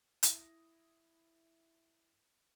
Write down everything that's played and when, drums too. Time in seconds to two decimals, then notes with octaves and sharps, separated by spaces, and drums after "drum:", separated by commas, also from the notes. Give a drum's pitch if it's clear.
0.23 E4 D#6 A#6, drum: hi-hat